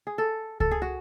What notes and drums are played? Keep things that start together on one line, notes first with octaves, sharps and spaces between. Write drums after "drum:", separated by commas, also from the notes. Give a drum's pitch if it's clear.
G#4
A4
A4, drum: kick C#2
G#4
F#4